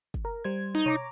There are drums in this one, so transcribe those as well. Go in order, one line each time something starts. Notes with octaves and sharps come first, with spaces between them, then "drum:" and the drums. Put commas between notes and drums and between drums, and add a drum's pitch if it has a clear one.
drum: kick
A#4
G3 C5 G#6
D#4
C#5 A#5 D6, drum: tom B2